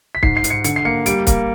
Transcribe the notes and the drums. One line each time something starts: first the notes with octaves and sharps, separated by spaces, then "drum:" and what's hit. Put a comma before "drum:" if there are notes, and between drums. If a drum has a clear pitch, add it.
B6
G#2 C7, drum: kick
C7
G#2, drum: hi-hat
C#7
D3 C#7, drum: hi-hat
C7
A#3 C#7
G3 D7, drum: hi-hat
A#3, drum: kick, hi-hat